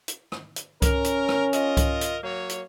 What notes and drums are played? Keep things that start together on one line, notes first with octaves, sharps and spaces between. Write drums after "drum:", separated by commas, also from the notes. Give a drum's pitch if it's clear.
drum: hi-hat
drum: rim click
drum: hi-hat
C#4 A#4, drum: kick C2, hi-hat
drum: hi-hat
drum: rim click
F4 A#4 D#5, drum: hi-hat
drum: kick C2, hi-hat
drum: hi-hat
F#3 A#3 C#5
drum: hi-hat